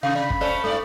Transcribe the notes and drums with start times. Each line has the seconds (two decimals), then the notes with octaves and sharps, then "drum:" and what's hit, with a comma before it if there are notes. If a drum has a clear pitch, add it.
0.03 C3 D#4 F5
0.15 C3 D5 B5
0.30 drum: kick
0.41 A3 C#4 A4 C5 D5 A5
0.64 G2 A3 A4 D5